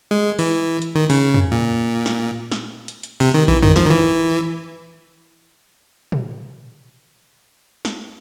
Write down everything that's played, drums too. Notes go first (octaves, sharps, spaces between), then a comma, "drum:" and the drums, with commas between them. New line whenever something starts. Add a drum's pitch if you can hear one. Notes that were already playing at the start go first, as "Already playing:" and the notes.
G#3
E3, drum: open hi-hat
drum: hi-hat
D#3
C#3, drum: open hi-hat
drum: tom
A#2
drum: snare
drum: snare
drum: hi-hat
drum: hi-hat
C3, drum: cymbal
D#3
E3, drum: kick A#1
D#3, drum: tom
F3, drum: snare
D#3
E3
drum: tom
drum: snare